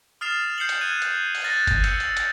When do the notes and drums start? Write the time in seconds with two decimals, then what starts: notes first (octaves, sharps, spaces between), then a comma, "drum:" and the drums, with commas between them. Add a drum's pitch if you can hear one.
0.21 D#6 F6 A6 C7 E7 F7
0.58 F6 G6 C7 C#7 F7 F#7
0.69 drum: hi-hat
0.81 F6 F#6 G#6 D#7 F7
1.02 drum: hi-hat
1.35 drum: open hi-hat
1.44 F6 F#6 A6 A#6 F7
1.67 drum: kick G1, hi-hat
1.84 E6 G6 G#6 C#7, drum: hi-hat
2.00 drum: hi-hat
2.17 drum: hi-hat